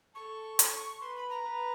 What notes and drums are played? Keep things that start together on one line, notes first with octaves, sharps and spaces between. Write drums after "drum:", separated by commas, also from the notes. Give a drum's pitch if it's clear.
A4 C#6
drum: hi-hat
B4 C6
B5
A#5
B4